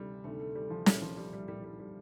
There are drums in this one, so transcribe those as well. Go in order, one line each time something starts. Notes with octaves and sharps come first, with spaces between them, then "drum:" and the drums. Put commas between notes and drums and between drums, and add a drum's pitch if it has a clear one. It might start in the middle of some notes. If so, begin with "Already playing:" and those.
Already playing: D2 C3 D#3 G3
D2 C3 D#3 A3
A3
G3
F3
C2 A#2 G3, drum: snare
F3
G3
G3
C2 A#2 G3
G3
G3